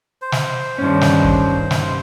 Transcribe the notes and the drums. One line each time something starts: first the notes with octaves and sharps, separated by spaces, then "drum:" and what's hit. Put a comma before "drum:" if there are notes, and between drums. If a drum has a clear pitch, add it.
C5
drum: snare
G2 D#3 C#4 D#4
drum: snare
drum: kick
drum: snare